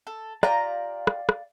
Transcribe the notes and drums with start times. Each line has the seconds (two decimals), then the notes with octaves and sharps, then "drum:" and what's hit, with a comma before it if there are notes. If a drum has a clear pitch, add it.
0.07 A4
0.43 F4 G4 D5 F5 A#5, drum: rim click
1.07 drum: rim click
1.29 drum: rim click